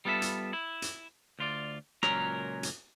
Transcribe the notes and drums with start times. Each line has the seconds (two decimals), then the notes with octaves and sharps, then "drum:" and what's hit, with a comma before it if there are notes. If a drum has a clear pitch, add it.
0.05 G3 B3 F4 A4 E5
0.22 drum: hi-hat
0.53 E4
0.82 drum: hi-hat
1.39 D2 F4 D5
2.03 C#2 A#2 F#3 C#4 A#4 A#5, drum: rim click
2.63 drum: hi-hat